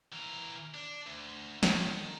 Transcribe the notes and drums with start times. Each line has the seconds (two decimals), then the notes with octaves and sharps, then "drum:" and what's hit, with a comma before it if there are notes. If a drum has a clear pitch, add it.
0.13 E3 A#4
0.74 D4
1.06 D2
1.63 D#3, drum: snare